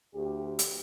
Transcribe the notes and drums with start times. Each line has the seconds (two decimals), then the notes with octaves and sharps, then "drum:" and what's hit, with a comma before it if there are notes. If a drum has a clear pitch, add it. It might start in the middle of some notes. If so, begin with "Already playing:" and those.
0.14 D2 G4
0.59 drum: hi-hat